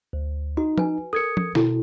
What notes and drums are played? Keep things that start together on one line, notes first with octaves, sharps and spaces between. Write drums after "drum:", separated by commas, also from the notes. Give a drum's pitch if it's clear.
D2
D#4 F#4
B4 G#5, drum: tom
A4 A#4 D#6 G#6 C#7
drum: tom
B2 E4 F#4 A4, drum: snare